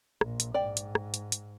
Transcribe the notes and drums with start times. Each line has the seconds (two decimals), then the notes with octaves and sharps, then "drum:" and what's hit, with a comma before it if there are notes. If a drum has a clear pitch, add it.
0.21 A#1 A#2, drum: rim click
0.40 drum: hi-hat
0.54 G#2 D5 G5
0.77 drum: hi-hat
0.95 drum: rim click
1.14 drum: hi-hat
1.32 drum: hi-hat